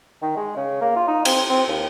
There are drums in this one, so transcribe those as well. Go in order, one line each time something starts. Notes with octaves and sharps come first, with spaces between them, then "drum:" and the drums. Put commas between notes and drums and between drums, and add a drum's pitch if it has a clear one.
D#3
G#3
C#3
A#3
F4
D#4
C4, drum: cymbal
C4
D#2